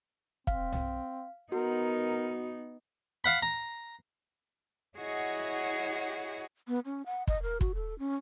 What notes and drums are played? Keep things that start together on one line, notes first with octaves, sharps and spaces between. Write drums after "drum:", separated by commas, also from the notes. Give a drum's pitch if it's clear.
C4 F5, drum: kick
drum: tom
B3 D#4 F#4 A#4
F5 F#5 B5
A#5
E4 F#4 G#4 C#5 D#5 F#5
B3
C#4
F#5
D#5, drum: kick
A#4
F#4, drum: kick
A4
C#4